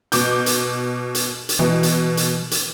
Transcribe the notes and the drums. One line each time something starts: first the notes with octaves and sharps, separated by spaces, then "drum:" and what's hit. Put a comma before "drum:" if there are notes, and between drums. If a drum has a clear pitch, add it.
B2 D6 G6, drum: hi-hat
drum: hi-hat
drum: hi-hat
drum: hi-hat
B2 E3
drum: hi-hat
drum: hi-hat
drum: hi-hat